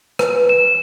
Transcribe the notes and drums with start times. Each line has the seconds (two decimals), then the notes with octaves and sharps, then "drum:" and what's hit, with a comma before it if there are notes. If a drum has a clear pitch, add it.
0.19 B4, drum: rim click
0.49 E7